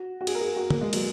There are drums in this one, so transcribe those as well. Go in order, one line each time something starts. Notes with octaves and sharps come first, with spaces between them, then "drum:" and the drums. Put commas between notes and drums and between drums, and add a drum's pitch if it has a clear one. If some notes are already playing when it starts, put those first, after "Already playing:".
Already playing: F#4
F#4
G#4, drum: cymbal
A#4
G#4
F#4
A#3, drum: tom
G#3
F#3, drum: cymbal